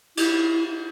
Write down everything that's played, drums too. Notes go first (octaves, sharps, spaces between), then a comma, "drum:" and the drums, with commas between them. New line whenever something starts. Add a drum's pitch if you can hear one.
E4, drum: cymbal